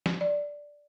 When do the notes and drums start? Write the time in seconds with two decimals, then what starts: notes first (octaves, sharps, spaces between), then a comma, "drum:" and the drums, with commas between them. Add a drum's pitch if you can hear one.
0.06 drum: snare
0.21 D5